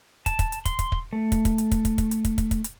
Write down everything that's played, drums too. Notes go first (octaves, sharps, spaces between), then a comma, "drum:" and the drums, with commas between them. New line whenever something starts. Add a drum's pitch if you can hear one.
A5, drum: kick, hi-hat
drum: kick, hi-hat
drum: hi-hat
C6, drum: kick, hi-hat
drum: kick, hi-hat
drum: kick
A3
drum: kick, hi-hat
drum: kick, hi-hat
drum: hi-hat
drum: kick, hi-hat
drum: kick, hi-hat
drum: kick, hi-hat
drum: hi-hat
drum: kick, hi-hat
drum: kick, hi-hat
drum: kick, hi-hat
drum: hi-hat